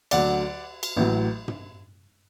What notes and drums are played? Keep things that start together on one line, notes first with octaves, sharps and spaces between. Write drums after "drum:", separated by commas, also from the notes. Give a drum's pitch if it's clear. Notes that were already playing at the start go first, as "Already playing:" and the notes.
D2 D3 F#3 D5 F#5, drum: cymbal
drum: cymbal
A1 A2 F#3
drum: tom